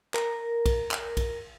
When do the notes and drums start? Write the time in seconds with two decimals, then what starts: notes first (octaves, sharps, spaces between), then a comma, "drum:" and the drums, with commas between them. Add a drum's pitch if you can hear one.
0.14 A#4, drum: clap
0.66 drum: kick B1, cymbal
0.91 drum: clap
1.17 drum: kick B1, cymbal